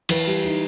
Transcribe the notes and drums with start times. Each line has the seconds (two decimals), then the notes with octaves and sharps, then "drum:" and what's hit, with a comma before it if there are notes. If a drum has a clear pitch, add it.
0.09 E3 B4, drum: cymbal
0.27 G3
0.44 D#4